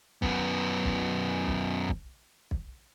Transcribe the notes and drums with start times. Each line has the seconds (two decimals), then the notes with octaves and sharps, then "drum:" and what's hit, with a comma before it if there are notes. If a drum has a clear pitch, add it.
0.22 F#2 B3, drum: kick
0.84 drum: kick
1.47 drum: kick
1.89 drum: kick
2.51 drum: kick